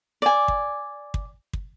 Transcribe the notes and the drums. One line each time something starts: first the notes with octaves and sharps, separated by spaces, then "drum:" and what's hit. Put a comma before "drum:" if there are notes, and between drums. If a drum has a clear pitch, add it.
D5 G#5
drum: kick
drum: kick
drum: kick